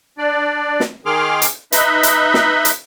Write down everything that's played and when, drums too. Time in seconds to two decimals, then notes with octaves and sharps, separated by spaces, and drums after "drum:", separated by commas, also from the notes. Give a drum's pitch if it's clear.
0.18 D4 D5
0.80 drum: snare
1.06 D#3 G#4 C6 D6 F6
1.42 drum: hi-hat
1.72 D#4 B4 D#5 E5 B5, drum: hi-hat
2.03 drum: hi-hat
2.34 drum: snare
2.65 drum: hi-hat